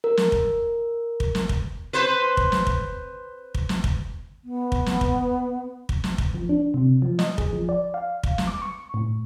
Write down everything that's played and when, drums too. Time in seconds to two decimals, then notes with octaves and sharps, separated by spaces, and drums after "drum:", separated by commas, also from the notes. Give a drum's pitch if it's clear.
0.04 A#4
0.17 drum: snare
0.32 drum: kick
1.20 drum: kick
1.35 drum: snare
1.49 drum: kick
1.93 B4 C5
2.37 drum: kick
2.52 drum: snare
2.67 drum: kick
3.54 drum: kick
3.69 drum: snare
3.84 drum: kick
4.43 B3
4.72 drum: kick
4.86 drum: snare
5.01 drum: kick
5.89 drum: kick
6.04 drum: snare
6.18 drum: kick
6.34 F3
6.49 D4
6.74 C3
7.02 F3
7.19 D#5, drum: snare
7.38 G#4, drum: kick
7.53 F3
7.69 D5
7.94 F5
8.23 drum: kick
8.38 drum: snare
8.47 D6
8.62 C#6
8.94 A2